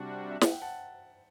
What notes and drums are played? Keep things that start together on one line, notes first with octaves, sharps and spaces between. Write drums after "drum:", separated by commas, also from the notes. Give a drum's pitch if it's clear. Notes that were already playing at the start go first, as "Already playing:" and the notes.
Already playing: C3 G3 D4 F#4 F#5 A5
E5
F#5, drum: snare
G5
F#5 A5